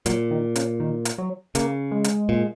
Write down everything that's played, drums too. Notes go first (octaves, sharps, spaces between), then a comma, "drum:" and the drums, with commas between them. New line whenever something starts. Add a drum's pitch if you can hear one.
A#2 F#3, drum: hi-hat
D#3
C#3, drum: hi-hat
D#3
drum: hi-hat
F#3
C#3 A#3, drum: hi-hat
G#3
drum: hi-hat
A#2